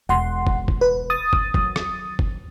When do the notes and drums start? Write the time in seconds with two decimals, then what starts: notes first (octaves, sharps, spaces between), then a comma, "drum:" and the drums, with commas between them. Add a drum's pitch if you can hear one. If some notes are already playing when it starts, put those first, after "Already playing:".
0.09 E1 F#5 C6
0.47 drum: kick
0.68 drum: kick
0.81 B4
1.10 D#6 A6
1.33 drum: kick
1.54 D#3 F#3, drum: kick
1.76 drum: rim click
2.19 drum: kick